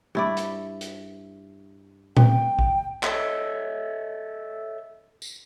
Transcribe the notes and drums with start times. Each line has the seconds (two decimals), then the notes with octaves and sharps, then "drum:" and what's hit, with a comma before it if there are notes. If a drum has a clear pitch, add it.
0.15 G2 E4 D5
0.37 drum: hi-hat
0.81 drum: hi-hat
2.17 G5, drum: tom A#2
2.59 drum: kick A#1
3.03 A4 C#5 D#5 E5, drum: clap
5.22 drum: tambourine